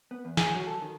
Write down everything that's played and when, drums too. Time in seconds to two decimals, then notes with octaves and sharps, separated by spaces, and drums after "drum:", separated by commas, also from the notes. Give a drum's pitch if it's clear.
0.11 B3
0.25 E2
0.37 G#4, drum: snare
0.55 F#3
0.67 A4
0.82 D#3